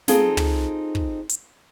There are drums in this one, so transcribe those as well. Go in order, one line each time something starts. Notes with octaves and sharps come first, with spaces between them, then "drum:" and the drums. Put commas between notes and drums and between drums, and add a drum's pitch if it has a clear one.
C4 D#4 F4 G#4 A4, drum: snare
drum: tom
drum: kick
drum: hi-hat